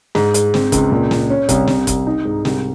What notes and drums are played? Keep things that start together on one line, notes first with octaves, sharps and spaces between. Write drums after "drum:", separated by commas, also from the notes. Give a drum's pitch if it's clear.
G#2, drum: snare
G#2, drum: hi-hat
C4, drum: snare
C#2, drum: kick, hi-hat
A#2
A#2, drum: snare
C#4
C2, drum: kick, hi-hat
C2, drum: snare
C2, drum: kick, hi-hat
D#4
G#2
C2, drum: snare